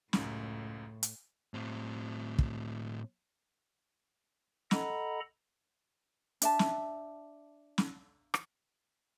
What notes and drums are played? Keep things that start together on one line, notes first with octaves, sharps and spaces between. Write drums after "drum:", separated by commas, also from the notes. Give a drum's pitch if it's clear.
C#2 F#2 A2, drum: snare
drum: hi-hat
A2 C4
drum: kick
A4 D#5 F#5 A#5 B5, drum: snare
D4 E5 A5, drum: hi-hat
drum: snare
drum: snare
drum: rim click